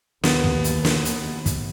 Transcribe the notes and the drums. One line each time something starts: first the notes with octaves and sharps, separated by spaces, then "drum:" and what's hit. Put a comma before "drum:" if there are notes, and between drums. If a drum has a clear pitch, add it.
D#2 B3, drum: snare
drum: kick
drum: hi-hat
drum: snare
drum: hi-hat
drum: kick, hi-hat